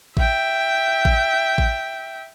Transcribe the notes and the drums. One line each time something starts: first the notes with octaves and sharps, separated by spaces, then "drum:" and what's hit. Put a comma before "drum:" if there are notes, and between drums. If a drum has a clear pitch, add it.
E5 G5, drum: kick A1
drum: kick A1
drum: kick A1